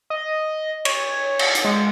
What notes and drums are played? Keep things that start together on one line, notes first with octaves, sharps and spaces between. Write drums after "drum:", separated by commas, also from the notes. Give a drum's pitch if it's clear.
D#5
C#5, drum: cymbal
drum: cymbal
drum: hi-hat
G#3